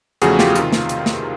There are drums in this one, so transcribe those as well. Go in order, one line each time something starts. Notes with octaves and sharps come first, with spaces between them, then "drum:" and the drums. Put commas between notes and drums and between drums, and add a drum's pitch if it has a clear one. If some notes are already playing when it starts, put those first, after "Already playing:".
E2 C#3 F3 A3 F#4 G#4, drum: hi-hat
F4 G4, drum: snare
C3 D#3 F4, drum: hi-hat
drum: snare
drum: hi-hat
drum: snare